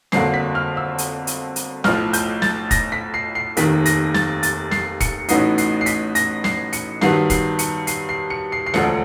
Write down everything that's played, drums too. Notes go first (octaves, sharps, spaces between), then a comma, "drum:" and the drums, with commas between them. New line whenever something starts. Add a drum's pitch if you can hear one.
G1 F2 D3 F#3 A#3 C7, drum: snare
B6
F6
E6
drum: hi-hat
drum: hi-hat
drum: hi-hat
B1 A2 F3 F6, drum: snare
G6, drum: hi-hat
A6, drum: snare
A#6, drum: kick E1, hi-hat
B6
C7
C7
F1 D#2 D#3 B6, drum: hi-hat
A#6, drum: hi-hat
A6, drum: snare
A6, drum: hi-hat
C7, drum: snare
C#7, drum: kick E1, hi-hat
A1 A2 F#3 B3 D#4 C7, drum: hi-hat
C7, drum: hi-hat
C7
B6, drum: hi-hat
A#6, drum: hi-hat
C7, drum: snare
C#7, drum: hi-hat
G2 D#3 F#3 B3 C7, drum: snare
C7, drum: kick E1, hi-hat
C#7, drum: hi-hat
C7, drum: hi-hat
C7
C#7
C7
C7
E1 D2 D3 F3 A3 C#7, drum: snare